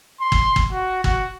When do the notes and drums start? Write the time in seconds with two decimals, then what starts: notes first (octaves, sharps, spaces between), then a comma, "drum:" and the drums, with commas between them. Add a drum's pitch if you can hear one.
0.20 C6
0.32 drum: kick
0.56 drum: kick
0.71 F#4
1.04 F#4, drum: kick